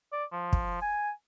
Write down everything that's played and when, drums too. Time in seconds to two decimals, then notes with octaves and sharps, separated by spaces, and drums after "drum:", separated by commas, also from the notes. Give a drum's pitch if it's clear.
0.12 D5
0.32 F3
0.53 drum: kick
0.82 G#5